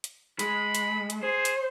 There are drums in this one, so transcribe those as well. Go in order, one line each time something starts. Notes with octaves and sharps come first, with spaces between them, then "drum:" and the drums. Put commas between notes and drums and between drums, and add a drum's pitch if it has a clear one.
drum: hi-hat
G#3 B5, drum: hi-hat
drum: hi-hat
drum: hi-hat
G#4 C5
drum: hi-hat